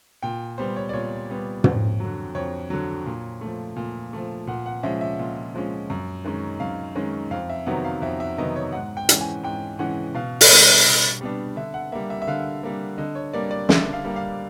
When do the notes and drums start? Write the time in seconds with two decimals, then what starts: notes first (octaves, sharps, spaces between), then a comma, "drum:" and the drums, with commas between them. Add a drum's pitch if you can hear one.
0.23 A#2 G5
0.58 G3 B3 C5
0.76 C#5
0.89 D5
0.93 A#2 C#5
1.30 G3 B3
1.64 F2, drum: tom
2.00 D3 F#3
2.35 F2 C#5
2.70 D3 F#3
3.06 A#2
3.41 F3 A3
3.76 A#2
4.13 F3 A3
4.47 A#2 F#5
4.66 F#5
4.83 F3 G#3 C#4 E5
5.01 E5
5.19 A#2
5.54 F3 G#3 C#4
5.90 F#2
6.24 D#3 G#3 C#4
6.60 F#2 F5
6.95 D#3 G#3 C#4
7.31 F2 F5
7.50 E5
7.66 C3 D#3 F#3 B3 F#5
7.85 F5
8.02 F2 E5
8.20 E5
8.38 C3 D#3 F#3 B3 D#5
8.56 C#5
8.72 G#2 F#5
8.97 G5
9.09 E3 G#3 C#4, drum: hi-hat
9.21 G#5
9.43 G#2 G5
9.79 E3 G#3 C#4 F#5
10.14 B2 F5
10.41 drum: open hi-hat
10.50 G3 B3 D4
10.86 B2
11.21 G3 B3 D4
11.56 D3 E5
11.74 F#5
11.92 G3 A#3 E5
12.10 E5
12.22 E5
12.27 D3 F5
12.63 G3 A#3
12.98 D3 D#5
13.15 C#5
13.33 G3 A#3 D5
13.51 D5
13.69 D3 E5, drum: snare
13.93 F5
14.04 G3 A#3
14.16 F5